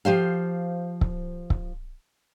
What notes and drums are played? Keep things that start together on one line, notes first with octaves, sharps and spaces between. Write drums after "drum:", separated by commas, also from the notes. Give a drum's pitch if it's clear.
F3 G4 C5 F5
drum: kick C#1
drum: kick C#1